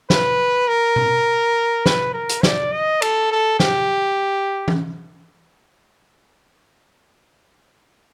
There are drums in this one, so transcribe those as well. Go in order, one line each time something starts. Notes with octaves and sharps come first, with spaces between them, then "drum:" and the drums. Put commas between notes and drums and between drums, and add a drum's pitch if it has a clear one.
B4, drum: snare
A#4
drum: tom B2
B4, drum: snare
A#4
drum: hi-hat
D5, drum: snare
D#5
A4, drum: cymbal
A4
G4, drum: snare
drum: tom E3